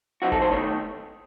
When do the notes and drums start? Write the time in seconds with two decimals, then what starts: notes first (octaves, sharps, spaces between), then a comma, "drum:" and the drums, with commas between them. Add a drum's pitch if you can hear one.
0.22 C3 F#3 C4 D#4 F#4
0.32 A4, drum: kick
0.42 C5
0.51 D#3 A3 D#4 C#5